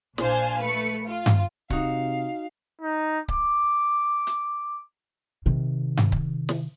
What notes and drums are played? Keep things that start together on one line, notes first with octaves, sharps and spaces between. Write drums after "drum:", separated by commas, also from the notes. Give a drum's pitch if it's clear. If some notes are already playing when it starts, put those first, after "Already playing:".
A#1 D4 C5 F5 G#5, drum: snare
A3 B4 C#7
F4
drum: tom G2
C3 D#4 F#4 F5, drum: kick C#1
D#4
D6, drum: kick C#1
drum: hi-hat
C3 D#3
drum: tom G2
drum: kick C#1
drum: snare